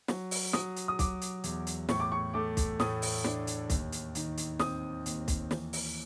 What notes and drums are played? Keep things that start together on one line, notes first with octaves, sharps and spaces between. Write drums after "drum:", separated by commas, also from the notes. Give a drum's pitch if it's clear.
F#3, drum: snare
drum: open hi-hat
F#3 D#6, drum: snare
drum: hi-hat
D#6
F#3 D6, drum: kick, hi-hat
drum: hi-hat
E2, drum: hi-hat
drum: hi-hat
A2 C#6, drum: snare
D6
C#6
A3 D6
drum: kick, hi-hat
A2 D#6, drum: snare
drum: open hi-hat
D4, drum: snare
drum: hi-hat
D#2, drum: kick, hi-hat
drum: hi-hat
D#3, drum: hi-hat
drum: hi-hat
C4 D#6, drum: snare
D#2, drum: hi-hat
drum: kick, hi-hat
E3, drum: snare
drum: open hi-hat